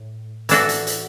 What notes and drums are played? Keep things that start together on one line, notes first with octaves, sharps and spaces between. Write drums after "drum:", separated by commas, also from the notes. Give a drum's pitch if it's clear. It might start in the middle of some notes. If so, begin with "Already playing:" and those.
Already playing: A2
E3 D4 F#4 A4, drum: hi-hat
drum: hi-hat
drum: hi-hat